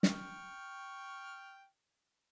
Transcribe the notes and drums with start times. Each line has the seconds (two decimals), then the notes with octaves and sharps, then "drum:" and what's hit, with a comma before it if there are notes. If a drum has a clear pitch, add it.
0.03 G5 C#6 F6, drum: snare